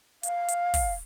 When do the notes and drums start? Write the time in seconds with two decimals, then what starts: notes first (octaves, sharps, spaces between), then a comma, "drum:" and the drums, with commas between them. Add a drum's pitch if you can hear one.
0.23 F5, drum: hi-hat
0.48 drum: hi-hat
0.74 drum: kick, open hi-hat